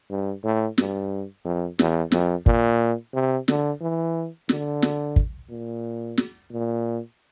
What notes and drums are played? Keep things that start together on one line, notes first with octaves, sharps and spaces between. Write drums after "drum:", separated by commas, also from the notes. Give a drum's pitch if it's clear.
G2
A2
G2, drum: snare
F2
E2, drum: snare
F2, drum: snare
A#2, drum: kick
C3
D3, drum: snare
E3
D3, drum: snare
drum: snare
drum: kick
A#2
drum: snare
A#2